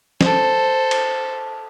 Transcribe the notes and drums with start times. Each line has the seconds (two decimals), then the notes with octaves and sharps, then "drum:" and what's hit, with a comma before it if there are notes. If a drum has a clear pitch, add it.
0.21 A4 C5, drum: snare
0.91 drum: cymbal